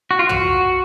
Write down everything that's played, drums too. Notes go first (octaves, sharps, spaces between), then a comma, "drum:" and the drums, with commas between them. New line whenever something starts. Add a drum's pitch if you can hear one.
F#4
F4
F#4, drum: tom